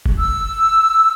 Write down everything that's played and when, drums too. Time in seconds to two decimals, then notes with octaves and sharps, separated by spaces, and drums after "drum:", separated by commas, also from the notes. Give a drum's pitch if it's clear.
0.06 drum: kick F1
0.19 E6